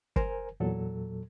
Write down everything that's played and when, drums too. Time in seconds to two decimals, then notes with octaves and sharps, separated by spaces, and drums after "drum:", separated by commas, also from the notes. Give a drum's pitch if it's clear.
0.16 A#4 C5 G#5 A#5, drum: kick
0.60 E2 A#2 F#3 A4